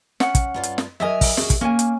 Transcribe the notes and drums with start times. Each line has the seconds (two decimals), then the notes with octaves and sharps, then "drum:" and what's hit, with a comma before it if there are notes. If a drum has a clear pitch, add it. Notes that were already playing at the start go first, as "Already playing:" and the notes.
0.20 C#4 F#5, drum: snare
0.35 drum: kick, hi-hat
0.54 G2 F4 D5
0.63 drum: hi-hat
0.78 drum: snare
1.00 F#3 A#4 D#5 E5 G#5 A#5
1.21 drum: kick, open hi-hat
1.37 C#4 F#4 G#4, drum: snare
1.50 drum: kick, hi-hat
1.61 A#3 C#4 G#5
1.79 drum: hi-hat